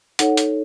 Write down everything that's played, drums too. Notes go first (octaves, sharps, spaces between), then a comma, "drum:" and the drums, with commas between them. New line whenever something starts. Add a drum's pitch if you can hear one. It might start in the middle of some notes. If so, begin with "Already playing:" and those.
D#4 A4 C#5 F#5, drum: hi-hat
drum: hi-hat